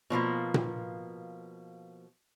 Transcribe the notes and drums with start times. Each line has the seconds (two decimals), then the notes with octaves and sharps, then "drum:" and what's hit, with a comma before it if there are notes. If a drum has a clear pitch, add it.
0.10 B2 F3 A3 A#3
0.54 drum: tom A#2